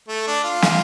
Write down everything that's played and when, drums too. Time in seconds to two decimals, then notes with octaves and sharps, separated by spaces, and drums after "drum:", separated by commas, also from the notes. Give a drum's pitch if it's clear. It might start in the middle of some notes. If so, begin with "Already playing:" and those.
0.08 A3
0.27 D4
0.44 F4
0.62 drum: snare